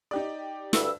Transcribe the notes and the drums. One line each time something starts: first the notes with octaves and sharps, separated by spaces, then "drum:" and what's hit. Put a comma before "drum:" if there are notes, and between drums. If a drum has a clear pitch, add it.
D#4 G4 D5
D2 G2 E6, drum: snare